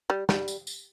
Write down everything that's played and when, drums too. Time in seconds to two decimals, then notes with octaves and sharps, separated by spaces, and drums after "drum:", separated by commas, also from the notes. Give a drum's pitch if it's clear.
0.10 G3
0.29 G3, drum: snare
0.48 drum: tambourine
0.67 drum: tambourine